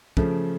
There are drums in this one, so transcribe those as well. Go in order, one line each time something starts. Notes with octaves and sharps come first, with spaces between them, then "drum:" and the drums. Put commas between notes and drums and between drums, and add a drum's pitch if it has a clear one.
C#3 F3 A3, drum: kick